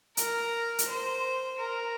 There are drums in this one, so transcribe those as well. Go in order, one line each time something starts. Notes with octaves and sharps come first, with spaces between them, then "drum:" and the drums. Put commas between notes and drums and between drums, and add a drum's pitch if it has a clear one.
A#4, drum: hi-hat
drum: hi-hat
C5
A#4